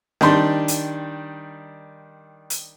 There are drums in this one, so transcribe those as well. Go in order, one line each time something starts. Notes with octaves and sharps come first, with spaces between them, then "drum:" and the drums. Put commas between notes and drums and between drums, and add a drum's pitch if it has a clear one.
D#3 G3 D4 C6, drum: snare C4
drum: hi-hat
drum: hi-hat